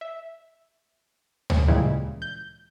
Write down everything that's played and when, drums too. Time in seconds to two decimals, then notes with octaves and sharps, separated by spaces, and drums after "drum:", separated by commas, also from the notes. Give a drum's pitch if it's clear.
0.01 E5
1.50 drum: tom D2
1.68 A#2 C#3 E3 G3 G#3
2.22 G6